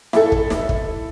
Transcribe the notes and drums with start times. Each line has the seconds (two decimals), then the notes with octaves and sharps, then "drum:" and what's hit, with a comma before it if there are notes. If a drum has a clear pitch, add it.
0.13 E4 A4, drum: snare
0.32 drum: kick
0.50 drum: snare
0.69 drum: kick